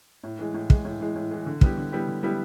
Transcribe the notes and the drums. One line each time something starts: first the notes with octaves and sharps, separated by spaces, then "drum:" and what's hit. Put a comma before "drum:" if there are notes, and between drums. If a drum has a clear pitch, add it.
A2
E3 G#3
A2
E3 G#3, drum: kick
A2
E3 G#3
A2
E3 G#3
D3
G3 B3 E4 G4, drum: kick
D3
G3 B3 E4 G4
D3
G3 B3 E4 G4